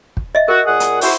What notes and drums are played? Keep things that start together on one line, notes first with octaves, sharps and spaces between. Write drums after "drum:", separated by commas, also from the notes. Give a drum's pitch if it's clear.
drum: kick
D#5 E5
F#4 A#4
A#2 G#4 F#5
drum: hi-hat
E4 F#4 C5, drum: open hi-hat